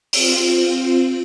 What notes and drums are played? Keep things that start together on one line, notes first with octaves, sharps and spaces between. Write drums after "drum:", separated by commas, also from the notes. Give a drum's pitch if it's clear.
C4 F4, drum: open hi-hat